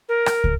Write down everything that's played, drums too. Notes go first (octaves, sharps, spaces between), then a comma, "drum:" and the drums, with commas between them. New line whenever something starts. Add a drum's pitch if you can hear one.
A#4
drum: rim click
drum: kick